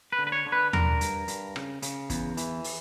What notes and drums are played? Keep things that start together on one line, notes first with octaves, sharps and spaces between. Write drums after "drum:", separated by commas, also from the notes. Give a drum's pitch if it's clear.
B4
D3
B4
C#5
D3
B4
D3 A#4, drum: tom D#2
G2, drum: hi-hat
G2, drum: hi-hat
C#3, drum: rim click
C#3, drum: hi-hat
E2, drum: kick, hi-hat
E3, drum: hi-hat
drum: open hi-hat